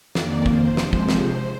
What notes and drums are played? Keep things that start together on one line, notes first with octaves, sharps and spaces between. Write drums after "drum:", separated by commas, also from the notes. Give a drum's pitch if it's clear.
F2 D#3 A#3 D5, drum: snare
C5, drum: kick
C3 F3 G#3 C5, drum: snare
drum: kick
drum: snare